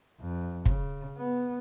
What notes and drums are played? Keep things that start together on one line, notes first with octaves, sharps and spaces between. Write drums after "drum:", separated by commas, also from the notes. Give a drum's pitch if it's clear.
F2
C#3, drum: kick
B3